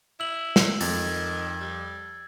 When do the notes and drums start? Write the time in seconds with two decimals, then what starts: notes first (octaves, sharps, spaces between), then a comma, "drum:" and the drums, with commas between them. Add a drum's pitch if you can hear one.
0.20 E4 E6 F#7
0.56 drum: snare
0.81 F2 D#3 G#6 A6, drum: open hi-hat
1.61 G3